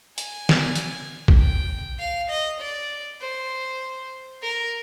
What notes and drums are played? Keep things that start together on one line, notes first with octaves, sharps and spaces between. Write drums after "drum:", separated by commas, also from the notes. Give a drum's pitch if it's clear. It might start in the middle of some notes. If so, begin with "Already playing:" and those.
G#5, drum: hi-hat
drum: snare
drum: hi-hat
drum: kick A#1
G5
F5
D#5
D5
C5
A#4